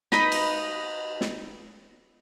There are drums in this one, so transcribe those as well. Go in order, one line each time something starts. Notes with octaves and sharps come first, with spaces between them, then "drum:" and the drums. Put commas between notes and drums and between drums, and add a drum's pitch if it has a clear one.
D#4 B4 D#5, drum: snare
drum: cymbal
drum: snare